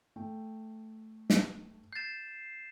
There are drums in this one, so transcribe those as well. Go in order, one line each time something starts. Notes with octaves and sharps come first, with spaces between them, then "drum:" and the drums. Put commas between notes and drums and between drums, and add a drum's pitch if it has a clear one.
A3 G5
drum: snare
G6 A6 C7 E7